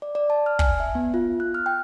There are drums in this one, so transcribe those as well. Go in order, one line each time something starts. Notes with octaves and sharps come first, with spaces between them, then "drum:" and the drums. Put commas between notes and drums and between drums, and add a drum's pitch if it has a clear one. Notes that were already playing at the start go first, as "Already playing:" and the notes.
D5
D5
A5
F6
G#5, drum: kick
E5
B3
F4
F#6
F6
G5